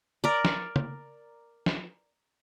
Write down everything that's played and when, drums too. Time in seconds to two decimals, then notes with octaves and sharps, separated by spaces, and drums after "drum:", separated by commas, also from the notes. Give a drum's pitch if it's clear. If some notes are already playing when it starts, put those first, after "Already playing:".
0.24 A#4 D5
0.45 drum: snare
0.76 drum: tom
1.66 drum: snare